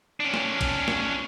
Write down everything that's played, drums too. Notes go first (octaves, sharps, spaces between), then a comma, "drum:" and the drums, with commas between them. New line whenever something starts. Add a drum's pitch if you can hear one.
C#4 D4
drum: snare
drum: kick, cymbal
drum: snare